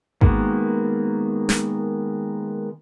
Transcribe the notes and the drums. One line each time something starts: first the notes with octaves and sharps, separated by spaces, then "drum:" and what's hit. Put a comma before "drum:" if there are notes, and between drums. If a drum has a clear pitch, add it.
D#3 G#3 A#3 B3 F#4, drum: kick G#1
drum: snare